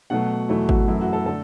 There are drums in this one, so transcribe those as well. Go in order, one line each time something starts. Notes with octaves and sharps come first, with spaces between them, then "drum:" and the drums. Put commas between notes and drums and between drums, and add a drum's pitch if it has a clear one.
B2 F#3 A3 F#5
E2 B2 F#3 A3 E4
F#4, drum: kick G#1
F#2 E3 A3 E4
F#4
A4
D3 A3 A4